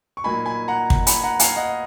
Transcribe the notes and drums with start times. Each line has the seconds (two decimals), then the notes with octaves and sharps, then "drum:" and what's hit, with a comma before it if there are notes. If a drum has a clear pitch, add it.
0.17 C#6
0.24 A#2 F#3 A#3 D#4 G#5 B5
0.46 G#5 B5
0.68 F#5 A#5
0.90 drum: kick
1.07 G#5 B5, drum: hi-hat
1.23 F#5 A#5
1.39 F5 G#5, drum: hi-hat
1.56 D#5 F#5